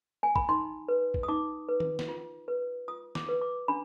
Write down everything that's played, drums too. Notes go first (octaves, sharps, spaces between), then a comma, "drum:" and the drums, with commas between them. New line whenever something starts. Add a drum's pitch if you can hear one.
G#5
B5, drum: kick
D#4 C6
B4
drum: kick
D#6
D#4 D6
B4
drum: tom D#3
drum: snare
F4
B4
F4 D#6
D6, drum: snare
B4
D6
D4 B5